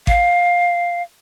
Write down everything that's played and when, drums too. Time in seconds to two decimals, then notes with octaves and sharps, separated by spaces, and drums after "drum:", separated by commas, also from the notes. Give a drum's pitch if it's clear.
0.07 F5, drum: kick G#1